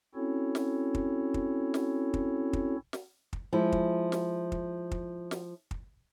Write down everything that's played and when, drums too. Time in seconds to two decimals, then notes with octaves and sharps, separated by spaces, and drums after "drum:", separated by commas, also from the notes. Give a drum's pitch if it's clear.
0.15 C4 C#4 E4 F#4 A4 C#5
0.55 drum: snare
0.95 drum: kick
1.34 drum: kick
1.74 drum: snare
2.14 drum: kick
2.53 drum: kick
2.93 drum: snare
3.33 drum: kick
3.53 F3 G#3 E4
3.72 drum: kick
4.12 drum: snare
4.52 drum: kick
4.91 drum: kick
5.31 drum: snare
5.71 drum: kick